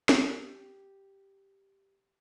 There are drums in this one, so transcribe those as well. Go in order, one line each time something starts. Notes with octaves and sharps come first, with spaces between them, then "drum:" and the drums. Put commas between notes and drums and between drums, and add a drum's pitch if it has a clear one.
G4, drum: snare